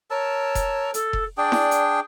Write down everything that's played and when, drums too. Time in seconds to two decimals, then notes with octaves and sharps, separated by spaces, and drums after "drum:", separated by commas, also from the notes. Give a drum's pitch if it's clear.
0.10 A#4 C#5 A5 E6
0.55 drum: kick F1, hi-hat
0.94 A4, drum: hi-hat
1.13 drum: kick F1
1.38 D4 G#4 D5 G5
1.52 drum: snare E4
1.71 drum: hi-hat